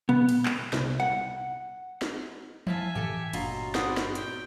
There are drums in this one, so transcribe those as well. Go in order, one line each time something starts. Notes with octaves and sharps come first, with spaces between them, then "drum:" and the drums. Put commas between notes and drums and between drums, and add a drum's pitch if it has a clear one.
B3, drum: tom A#2
drum: cymbal
drum: clap
C2, drum: snare
F#5
drum: snare
E4 E5 F5 G#5 A5, drum: tom E3
A2 E3 G4 A4
G1 A#2 F#3 D4 F4 D#5 B5, drum: cymbal
B3 C4 C5 D5 F#5 D#6, drum: snare
drum: snare
G5, drum: hi-hat